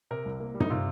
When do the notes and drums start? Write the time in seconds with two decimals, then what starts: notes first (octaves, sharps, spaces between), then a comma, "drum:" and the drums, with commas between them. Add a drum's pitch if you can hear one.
0.11 C3 A#4
0.25 C2
0.40 A#3
0.54 G3
0.60 D#4, drum: tom
0.70 C3 F4